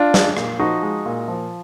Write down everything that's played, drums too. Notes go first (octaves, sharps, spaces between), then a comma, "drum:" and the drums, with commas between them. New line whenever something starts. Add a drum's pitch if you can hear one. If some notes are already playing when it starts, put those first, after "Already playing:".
Already playing: D4 F4
G#3, drum: snare
A#2, drum: rim click
F3 D#4 F#4
G#3
A#2
F3